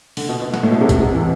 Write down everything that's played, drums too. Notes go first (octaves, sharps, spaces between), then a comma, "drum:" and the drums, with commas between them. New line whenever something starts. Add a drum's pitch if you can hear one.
D3, drum: open hi-hat
B2
B2
drum: snare
A2
B2
C3
B2, drum: kick, hi-hat
C3
E3